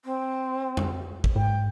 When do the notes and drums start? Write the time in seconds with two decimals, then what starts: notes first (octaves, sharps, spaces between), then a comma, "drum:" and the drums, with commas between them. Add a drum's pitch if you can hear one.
0.05 C4
0.77 drum: tom F2
1.24 drum: kick
1.36 G#2 G5